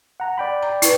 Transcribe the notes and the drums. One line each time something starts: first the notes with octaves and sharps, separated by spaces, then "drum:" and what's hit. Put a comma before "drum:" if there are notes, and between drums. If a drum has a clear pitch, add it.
F#5 A#5
D5 G5 B5
A#5
E4 B4, drum: hi-hat